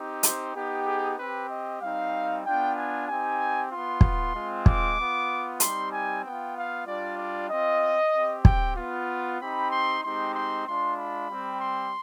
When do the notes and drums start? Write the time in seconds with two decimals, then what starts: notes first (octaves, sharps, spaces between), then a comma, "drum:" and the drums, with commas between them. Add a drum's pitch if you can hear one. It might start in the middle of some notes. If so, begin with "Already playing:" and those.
Already playing: C4 D#4 G4
0.23 C5, drum: hi-hat
0.55 B3 D#4 G4
0.87 G#4
1.18 C4 G4 B4
1.50 D#5
1.81 G3 C4 D#4 F5
2.45 B3 D4 F4 G5
2.76 G#5
3.08 C4 D#4 G4 G#5
3.71 B3 F4 C6
4.01 drum: kick
4.34 G#3 C4 F4
4.66 D6, drum: kick
4.97 B3 F4
5.60 G3 C4 D#4 G4 C6, drum: hi-hat
5.92 G#5
6.24 B3 F4 G5
6.55 F5
6.87 G3 D4 F4 D5
7.18 D5
7.50 C4 F4 D#5
8.13 C4 G4
8.45 G5, drum: kick
8.77 B3 F4
9.40 C4 D#4 G4 B5
9.71 C6
10.03 G#3 C4 D#4 G4 C6
10.35 C6
10.66 G#3 D4 F4 C6
10.97 B5
11.30 G3 C4 G4
11.61 C6